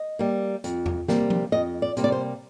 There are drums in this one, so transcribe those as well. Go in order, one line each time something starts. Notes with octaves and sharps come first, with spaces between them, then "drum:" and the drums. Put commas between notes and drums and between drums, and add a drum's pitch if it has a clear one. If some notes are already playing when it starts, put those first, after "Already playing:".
Already playing: D#5
G3 A#3
F2, drum: hi-hat
drum: tom E2
C3 G3 A#3, drum: snare
drum: tom F3
F2 D#5
D5
C3 G3 A#3, drum: hi-hat
D5
C5